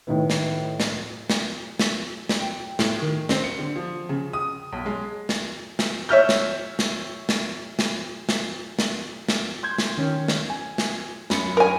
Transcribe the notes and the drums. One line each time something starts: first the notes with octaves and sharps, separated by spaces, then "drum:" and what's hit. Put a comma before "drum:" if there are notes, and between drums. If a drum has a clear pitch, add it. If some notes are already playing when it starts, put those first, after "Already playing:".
A2 D#3 B3
drum: snare
drum: snare
drum: snare
drum: snare
drum: snare
G5
A2, drum: snare
D#3
C4, drum: snare
C#7
D3
F3
C#3
D#6
B1
G#3
drum: snare
drum: snare
C#5 E5 F6 G6
drum: snare
drum: snare
drum: snare
drum: snare
drum: snare
drum: snare
drum: snare
C6 G6 G#6
drum: snare
D#3 C#4
drum: snare
G#5
drum: snare
F#2 B5 C#7, drum: snare
A#4 G#5